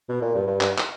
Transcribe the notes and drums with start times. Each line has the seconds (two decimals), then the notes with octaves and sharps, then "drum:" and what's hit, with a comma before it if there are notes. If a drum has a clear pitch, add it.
0.09 B2
0.22 A#2
0.35 G2
0.48 G2
0.61 G2, drum: clap
0.78 drum: clap